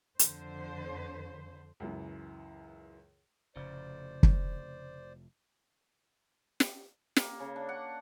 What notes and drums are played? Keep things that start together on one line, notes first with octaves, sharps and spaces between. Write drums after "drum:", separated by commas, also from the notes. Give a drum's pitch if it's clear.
F2 D3 C5, drum: hi-hat
C#2 F#2 E3
F1 A2 C#3 C5 D5
drum: kick
drum: snare
A#3, drum: snare
C#3
D4
F#5